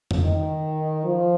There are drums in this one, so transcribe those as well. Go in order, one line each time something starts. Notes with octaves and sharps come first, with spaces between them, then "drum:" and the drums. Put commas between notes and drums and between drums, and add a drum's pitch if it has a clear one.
drum: tom F2
D#3
F3